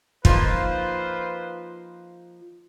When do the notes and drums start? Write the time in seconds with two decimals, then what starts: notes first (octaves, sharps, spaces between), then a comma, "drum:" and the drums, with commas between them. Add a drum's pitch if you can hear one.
0.25 F3 A#3 D#4 F4 B4 C5, drum: kick